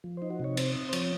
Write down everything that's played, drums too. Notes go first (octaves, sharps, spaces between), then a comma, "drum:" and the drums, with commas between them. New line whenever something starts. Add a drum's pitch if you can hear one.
F3
D#4 C5
F#4
C3 C#5
C4 C5, drum: cymbal
C4
C5
F3 C#5, drum: cymbal